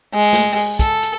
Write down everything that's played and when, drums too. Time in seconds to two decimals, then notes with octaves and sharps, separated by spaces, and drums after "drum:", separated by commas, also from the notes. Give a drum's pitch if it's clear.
0.14 G#3
0.33 drum: snare
0.56 drum: open hi-hat
0.79 A4, drum: kick, hi-hat
1.03 drum: hi-hat